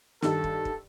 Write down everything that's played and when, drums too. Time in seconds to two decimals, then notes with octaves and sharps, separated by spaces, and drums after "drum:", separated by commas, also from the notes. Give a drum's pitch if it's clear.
0.22 G2 D#3 A4, drum: snare
0.44 drum: kick
0.65 drum: kick